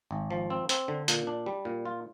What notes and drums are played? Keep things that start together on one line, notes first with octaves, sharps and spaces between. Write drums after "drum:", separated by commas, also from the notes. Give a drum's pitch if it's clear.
G#1
F3
C4
C4, drum: hi-hat
D3
A#2, drum: hi-hat
D4
G3
A#2
F4